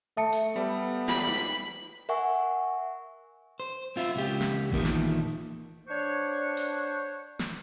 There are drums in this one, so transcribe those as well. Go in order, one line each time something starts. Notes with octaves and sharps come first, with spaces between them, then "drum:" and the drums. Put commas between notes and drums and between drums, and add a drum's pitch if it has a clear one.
A3 E5 A5 D#6 C#7
drum: hi-hat
G3 B3 G4 A4
B5, drum: snare
drum: tom D#4
A#4 E5 F#5 G#5 C#6
C5
C4 F4 E5
C#2 G4
drum: snare
E2 A#2 D#3 A3, drum: kick A1
drum: snare
D4 C5 C#5 F#5 C#6
drum: hi-hat
drum: snare